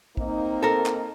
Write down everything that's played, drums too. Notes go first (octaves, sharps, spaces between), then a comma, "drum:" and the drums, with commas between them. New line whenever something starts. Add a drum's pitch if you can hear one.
A#3 C4 D#4, drum: kick
A4 A#4
drum: clap